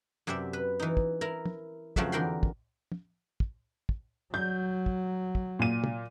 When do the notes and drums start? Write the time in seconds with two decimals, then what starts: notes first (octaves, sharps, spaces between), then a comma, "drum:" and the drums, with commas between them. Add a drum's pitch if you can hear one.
0.27 F#2 C3 G4 D5 E5
0.53 B4
0.80 E3 D#4
0.97 drum: kick
1.21 E4 A#4 A#5
1.46 drum: tom
1.96 F2 C#3 F3 F#3 A3 E5, drum: kick
2.12 E2 D3 A#4 G5 B5 C6
2.43 drum: kick
2.92 drum: tom
3.40 drum: kick
3.89 drum: kick
4.34 F#3 G6
4.86 drum: kick
5.35 drum: kick
5.59 A#2 D#7
5.84 drum: tom